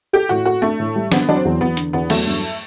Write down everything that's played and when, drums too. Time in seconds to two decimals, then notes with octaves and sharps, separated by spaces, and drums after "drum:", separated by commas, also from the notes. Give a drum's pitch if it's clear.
0.13 G4 A4
0.29 A2 F#4
0.45 F#4 A4
0.62 A3 D4
0.80 A2
0.96 G3
1.12 D3 B3, drum: snare
1.29 F#3 D4
1.36 C4
1.45 E2
1.61 E2 B3
1.77 D3, drum: hi-hat
1.93 E2 B3
2.10 F#3 A3, drum: cymbal
2.26 G2